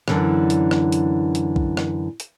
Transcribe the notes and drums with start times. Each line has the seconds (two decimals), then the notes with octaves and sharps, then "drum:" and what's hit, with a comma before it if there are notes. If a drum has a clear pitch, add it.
0.08 F#2 D3 E3, drum: rim click
0.50 drum: hi-hat
0.71 drum: rim click
0.92 drum: hi-hat
1.35 drum: hi-hat
1.56 drum: kick B1
1.77 drum: rim click
2.20 drum: hi-hat